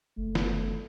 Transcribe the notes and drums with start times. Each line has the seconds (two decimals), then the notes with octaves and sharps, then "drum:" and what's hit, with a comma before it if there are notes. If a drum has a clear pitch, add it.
0.17 F#1 A3
0.35 drum: snare